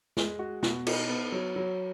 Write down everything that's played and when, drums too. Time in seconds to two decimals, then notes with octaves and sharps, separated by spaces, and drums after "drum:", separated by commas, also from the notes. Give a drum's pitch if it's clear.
0.17 G#3, drum: snare
0.39 F#4
0.63 B2, drum: snare
0.87 D#4, drum: cymbal
1.09 B3
1.32 F#3
1.56 F#3